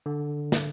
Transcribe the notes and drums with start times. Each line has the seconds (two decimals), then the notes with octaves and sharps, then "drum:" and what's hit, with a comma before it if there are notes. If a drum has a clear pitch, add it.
0.06 D3
0.52 drum: snare